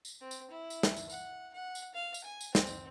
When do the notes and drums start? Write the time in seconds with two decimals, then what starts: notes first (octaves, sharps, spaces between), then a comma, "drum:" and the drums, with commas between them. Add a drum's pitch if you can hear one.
0.05 drum: tambourine
0.21 C4
0.31 drum: tambourine
0.51 E4
0.70 drum: tambourine
0.83 drum: snare
0.96 drum: tambourine
1.10 F#5, drum: tambourine
1.54 F#5
1.75 drum: tambourine
1.94 F5
2.14 drum: tambourine
2.24 G#5
2.41 drum: tambourine
2.55 C4, drum: snare
2.67 drum: tambourine